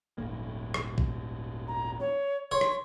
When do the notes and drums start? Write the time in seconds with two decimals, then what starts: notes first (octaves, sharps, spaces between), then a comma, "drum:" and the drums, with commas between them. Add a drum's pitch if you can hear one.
0.18 D#1 G#1 A#3
0.74 drum: rim click
0.98 drum: kick
1.68 A#5
2.00 C#5
2.52 C#5 C6
2.61 drum: rim click